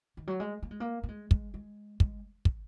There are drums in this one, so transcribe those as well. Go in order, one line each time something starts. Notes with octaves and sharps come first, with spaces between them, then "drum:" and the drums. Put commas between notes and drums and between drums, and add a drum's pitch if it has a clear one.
D#3
F#3
G#3
A#3
G#3
A#3
A#3
G#3
G#3, drum: kick
G#3
G#3, drum: kick
drum: kick